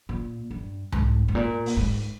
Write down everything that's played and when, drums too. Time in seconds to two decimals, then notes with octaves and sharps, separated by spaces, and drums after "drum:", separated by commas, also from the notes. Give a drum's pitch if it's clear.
0.09 A#2
0.51 G2
0.92 G#2, drum: tom C2
1.28 G#2
1.35 A#2
1.66 drum: open hi-hat
1.77 G#2